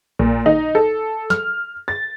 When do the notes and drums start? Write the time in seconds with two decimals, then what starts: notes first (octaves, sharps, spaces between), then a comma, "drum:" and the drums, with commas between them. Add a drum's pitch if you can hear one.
0.19 A#2, drum: kick A#1
0.46 D#4, drum: tom D3
0.75 A4
1.30 F6, drum: snare
1.88 A6